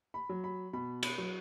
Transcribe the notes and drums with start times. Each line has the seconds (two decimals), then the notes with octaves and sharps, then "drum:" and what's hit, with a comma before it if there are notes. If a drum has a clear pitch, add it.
0.14 B5
0.29 F#3
0.44 B5
0.73 B2 B5
1.03 B5, drum: cymbal
1.18 F#3